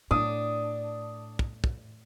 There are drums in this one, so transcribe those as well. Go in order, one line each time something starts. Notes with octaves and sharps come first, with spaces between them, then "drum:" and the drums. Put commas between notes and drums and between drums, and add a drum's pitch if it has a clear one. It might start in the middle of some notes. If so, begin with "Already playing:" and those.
A2 D4 D#6
drum: kick
drum: kick